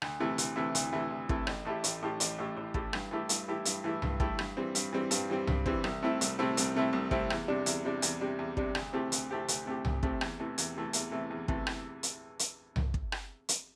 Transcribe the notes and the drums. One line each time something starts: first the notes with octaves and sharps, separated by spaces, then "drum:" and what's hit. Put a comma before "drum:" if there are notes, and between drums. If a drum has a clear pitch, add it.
D2, drum: rim click
C3 E3 A3 E4
D2, drum: hi-hat
C3 E3 A3 E4
D2, drum: hi-hat
C3 E3 A3 E4
D2
C3 E3 A3 E4, drum: kick
A1, drum: rim click
A2 A3 E4 G4
A1, drum: hi-hat
A2 A3 E4 G4
A1, drum: hi-hat
A2 A3 E4 G4
A1
A2 A3 E4 G4, drum: kick
G2, drum: rim click
E3 A3 E4 G4
G2, drum: hi-hat
E3 A3 E4 G4
G2, drum: hi-hat
E3 A3 E4 G4
G2, drum: tom C2
E3 A3 E4 G4, drum: kick
G2, drum: rim click
E3 G3 C4
G2, drum: hi-hat
E3 G3 C4
G2, drum: hi-hat
E3 G3 C4
G2, drum: tom C2
E3 G3 C4, drum: kick
C2, drum: rim click
C3 A3 C4 E4
C2, drum: hi-hat
C3 A3 C4 E4
C2, drum: hi-hat
C3 A3 C4 E4
C2
C3 A3 C4 E4, drum: kick
E2, drum: rim click
C3 G3 D4
E2, drum: hi-hat
C3 G3 D4
E2, drum: hi-hat
C3 G3 D4
E2
C3 G3 D4, drum: kick
D2, drum: rim click
C3 A3 C4 G4
D2, drum: hi-hat
C3 A3 C4 G4
D2, drum: hi-hat
C3 A3 C4 G4
D2, drum: tom C2
C3 A3 C4 G4, drum: kick
E2, drum: rim click
C3 E3 A3
E2, drum: hi-hat
C3 E3 A3
E2, drum: hi-hat
C3 E3 A3
E2
C3 E3 A3, drum: kick
drum: rim click
drum: hi-hat
drum: hi-hat
drum: tom C2
drum: kick
drum: rim click
drum: hi-hat